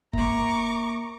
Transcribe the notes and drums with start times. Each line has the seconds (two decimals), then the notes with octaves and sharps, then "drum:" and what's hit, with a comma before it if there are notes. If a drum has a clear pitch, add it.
0.13 A#3 A#5 C#6 D6, drum: kick F#1